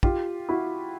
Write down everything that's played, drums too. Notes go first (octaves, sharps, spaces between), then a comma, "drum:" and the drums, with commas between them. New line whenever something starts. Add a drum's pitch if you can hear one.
F4 G4, drum: kick
E4 F#4